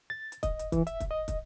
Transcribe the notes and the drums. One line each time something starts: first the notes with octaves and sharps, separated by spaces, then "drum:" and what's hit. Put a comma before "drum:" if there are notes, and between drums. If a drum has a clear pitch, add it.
A6
drum: hi-hat
D#5, drum: kick, hi-hat
drum: hi-hat
E3, drum: kick, hi-hat
E5, drum: hi-hat
drum: kick, hi-hat
D#5
drum: kick, hi-hat